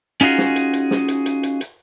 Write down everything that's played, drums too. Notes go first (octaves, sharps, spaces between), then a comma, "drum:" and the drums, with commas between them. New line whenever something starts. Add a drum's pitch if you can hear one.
C#4 D#4 F4 F#4 G#4, drum: hi-hat
drum: snare
drum: hi-hat
drum: hi-hat
drum: snare
drum: hi-hat
drum: hi-hat
drum: hi-hat
drum: hi-hat